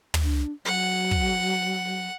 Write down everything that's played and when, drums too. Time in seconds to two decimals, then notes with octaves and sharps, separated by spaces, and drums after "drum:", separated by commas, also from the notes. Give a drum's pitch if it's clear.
0.14 drum: tom
0.23 D4
0.65 F#3 F#5
1.11 drum: kick